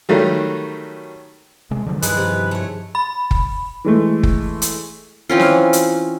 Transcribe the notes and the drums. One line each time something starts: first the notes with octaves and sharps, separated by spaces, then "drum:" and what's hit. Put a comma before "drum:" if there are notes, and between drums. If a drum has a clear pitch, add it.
D#3 F#3 G3 A3
C3 G#3
D3 F3 F#3
G2 D#3 F3 G#3 E4 B4, drum: hi-hat
C3
A3 C#5
B5
drum: kick F#1
E3 G#3 A3
drum: kick F#1
drum: hi-hat
E3 C4 C#4 F4
drum: snare
drum: hi-hat